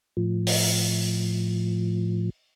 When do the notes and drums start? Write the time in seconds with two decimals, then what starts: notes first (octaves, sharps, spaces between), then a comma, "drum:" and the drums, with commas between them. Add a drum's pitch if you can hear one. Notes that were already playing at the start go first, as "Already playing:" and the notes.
0.17 A2 F3
0.47 drum: open hi-hat